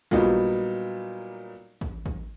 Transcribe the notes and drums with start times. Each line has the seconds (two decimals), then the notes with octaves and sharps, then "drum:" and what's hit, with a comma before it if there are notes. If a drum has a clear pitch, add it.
0.11 A#2 F#3 G3 B3 D#4, drum: kick A1
1.81 drum: kick A1
2.06 drum: kick A1